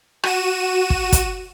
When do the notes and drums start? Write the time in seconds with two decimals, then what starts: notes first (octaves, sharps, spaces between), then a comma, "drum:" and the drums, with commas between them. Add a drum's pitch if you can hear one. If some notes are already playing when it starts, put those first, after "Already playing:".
0.23 F#4 D#7 E7, drum: rim click
0.90 drum: kick
1.12 drum: kick, hi-hat